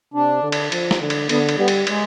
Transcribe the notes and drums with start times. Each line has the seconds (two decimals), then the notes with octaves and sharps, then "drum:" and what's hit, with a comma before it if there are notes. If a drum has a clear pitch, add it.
0.14 C3 D4
0.42 D3
0.52 drum: cymbal
0.72 F3, drum: cymbal
0.91 drum: snare
1.01 D3
1.10 drum: cymbal
1.29 D3 B3, drum: cymbal
1.49 drum: cymbal
1.58 G3 B3
1.68 drum: cymbal
1.87 G#3, drum: cymbal